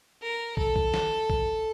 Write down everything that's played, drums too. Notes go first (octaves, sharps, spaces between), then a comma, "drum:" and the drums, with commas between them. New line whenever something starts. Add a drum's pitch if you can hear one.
A#4
A4, drum: kick
drum: kick
drum: snare
drum: kick